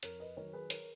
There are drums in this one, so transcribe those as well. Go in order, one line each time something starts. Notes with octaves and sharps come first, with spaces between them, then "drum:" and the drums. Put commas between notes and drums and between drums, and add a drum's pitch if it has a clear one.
F2 A#4 C#5, drum: hi-hat
B4 D#5
D#3 F#3 A#4 C#5
G#4 B4
A#4 C#5, drum: hi-hat